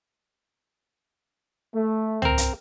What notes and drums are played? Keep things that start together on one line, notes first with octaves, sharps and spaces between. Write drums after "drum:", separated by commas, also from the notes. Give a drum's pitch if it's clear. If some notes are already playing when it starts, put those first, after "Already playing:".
A3
C4 A#4, drum: tom
drum: hi-hat